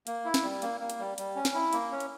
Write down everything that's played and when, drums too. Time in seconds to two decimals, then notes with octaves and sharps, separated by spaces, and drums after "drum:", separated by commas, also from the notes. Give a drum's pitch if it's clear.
0.07 A#3, drum: hi-hat
0.25 E4
0.34 drum: snare
0.43 G3
0.62 A#3, drum: hi-hat
0.81 A#3
0.90 drum: hi-hat
0.99 G3
1.18 G3, drum: hi-hat
1.36 C#4
1.45 drum: snare
1.54 E4
1.73 A#3, drum: hi-hat
1.91 C#4
2.00 drum: hi-hat